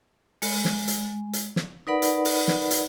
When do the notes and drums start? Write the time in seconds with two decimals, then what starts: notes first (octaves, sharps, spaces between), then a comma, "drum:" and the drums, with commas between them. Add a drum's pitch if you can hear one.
0.42 G#3, drum: open hi-hat
0.65 drum: snare
0.88 drum: hi-hat
1.33 drum: hi-hat
1.56 drum: snare
1.87 D#4 A#4 B4 D5 F#5 B5
2.02 drum: hi-hat
2.25 drum: open hi-hat
2.48 drum: snare
2.71 drum: hi-hat